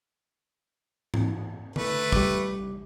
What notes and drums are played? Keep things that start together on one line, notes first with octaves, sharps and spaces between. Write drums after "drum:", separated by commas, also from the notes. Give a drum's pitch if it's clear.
drum: tom G#2
A3 B4, drum: tom D3
G3 D6, drum: kick